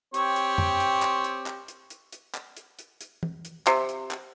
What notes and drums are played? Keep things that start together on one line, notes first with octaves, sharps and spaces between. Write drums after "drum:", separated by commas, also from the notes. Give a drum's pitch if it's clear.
C4 G4 C#5, drum: hi-hat
drum: hi-hat
drum: tom F2
drum: hi-hat
drum: clap
drum: hi-hat
drum: clap
drum: hi-hat
drum: hi-hat
drum: hi-hat
drum: clap
drum: hi-hat
drum: hi-hat
drum: hi-hat
drum: tom
drum: hi-hat
C3, drum: clap
drum: hi-hat
drum: clap